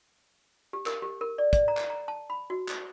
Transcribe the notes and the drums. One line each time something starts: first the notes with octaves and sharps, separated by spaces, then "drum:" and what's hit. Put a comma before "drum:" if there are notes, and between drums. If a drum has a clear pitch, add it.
G4
A#4, drum: clap
G4
A#4
D5
D5, drum: kick, hi-hat
A#5
drum: clap
A#5
A5
B5
F#4
drum: clap